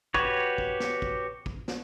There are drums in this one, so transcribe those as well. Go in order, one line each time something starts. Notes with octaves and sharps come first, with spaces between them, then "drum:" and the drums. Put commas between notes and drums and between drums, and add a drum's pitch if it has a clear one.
F#4 G4 B4 C#5, drum: kick
drum: kick
drum: snare
drum: kick
drum: kick
drum: snare